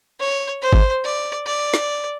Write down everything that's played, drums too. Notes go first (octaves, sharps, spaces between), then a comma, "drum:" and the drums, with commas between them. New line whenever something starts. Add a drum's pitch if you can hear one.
C#5
C5
drum: kick G#1
D5
D5
drum: snare